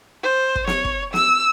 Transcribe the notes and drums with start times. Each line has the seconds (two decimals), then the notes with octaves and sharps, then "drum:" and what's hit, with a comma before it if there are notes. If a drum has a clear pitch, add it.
0.23 C5
0.55 drum: kick
0.67 C#5, drum: snare
0.85 drum: kick
1.14 E6, drum: snare